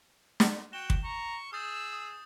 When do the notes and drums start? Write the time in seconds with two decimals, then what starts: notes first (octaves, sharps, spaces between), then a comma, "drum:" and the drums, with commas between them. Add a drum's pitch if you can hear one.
0.40 drum: snare
0.73 F#4 G5 E7 G7
0.90 drum: kick
1.04 A#5 C#6
1.53 G#4 D#6 E6 G6 A6
1.93 D#6